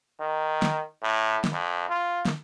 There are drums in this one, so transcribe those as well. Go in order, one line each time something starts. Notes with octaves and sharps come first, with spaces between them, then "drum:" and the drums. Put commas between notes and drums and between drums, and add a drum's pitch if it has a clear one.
D#3
drum: snare
A2
drum: snare
F2
F4
drum: snare